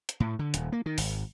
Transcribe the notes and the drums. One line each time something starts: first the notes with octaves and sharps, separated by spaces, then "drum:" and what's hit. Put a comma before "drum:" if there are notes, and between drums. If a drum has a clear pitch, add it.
drum: hi-hat
A2
D3
D#1, drum: hi-hat
A#3
D#3
G#1, drum: open hi-hat